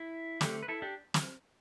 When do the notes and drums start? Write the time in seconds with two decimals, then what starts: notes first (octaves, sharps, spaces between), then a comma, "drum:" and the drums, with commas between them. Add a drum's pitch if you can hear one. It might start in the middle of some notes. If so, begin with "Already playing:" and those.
Already playing: E4
0.41 D3 A3 D4 G4, drum: snare
0.63 B4
0.68 E4 A4
0.82 D4 G4
1.14 drum: snare